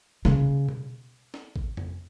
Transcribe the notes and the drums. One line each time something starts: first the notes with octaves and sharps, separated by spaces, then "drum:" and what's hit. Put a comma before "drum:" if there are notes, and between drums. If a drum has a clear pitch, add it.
C#3, drum: snare
drum: tom B2
drum: snare
drum: kick
drum: tom F2